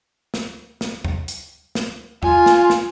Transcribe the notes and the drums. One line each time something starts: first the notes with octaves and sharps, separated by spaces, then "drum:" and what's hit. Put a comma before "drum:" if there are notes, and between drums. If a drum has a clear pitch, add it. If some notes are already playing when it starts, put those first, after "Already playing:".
drum: snare
drum: snare
drum: tom E2
drum: hi-hat
drum: snare
F4 G#5, drum: tom E2
drum: snare
drum: snare